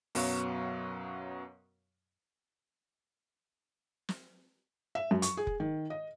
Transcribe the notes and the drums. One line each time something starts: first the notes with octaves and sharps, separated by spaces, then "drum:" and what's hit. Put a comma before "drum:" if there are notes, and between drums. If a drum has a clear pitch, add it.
F#2 B2 F#3 B3 F5 C#6, drum: open hi-hat
drum: snare
E5
F#2
C#6, drum: hi-hat
G#4
drum: kick F1
D#3
D#5